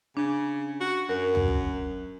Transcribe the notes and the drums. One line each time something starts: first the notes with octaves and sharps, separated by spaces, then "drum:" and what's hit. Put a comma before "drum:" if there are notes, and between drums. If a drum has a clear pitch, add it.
C#3 D4
F#4
F#2 A#4
drum: tom
drum: kick